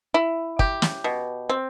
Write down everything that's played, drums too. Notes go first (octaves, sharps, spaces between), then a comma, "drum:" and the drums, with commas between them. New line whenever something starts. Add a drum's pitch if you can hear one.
E4
G4, drum: kick
drum: snare
B2
C4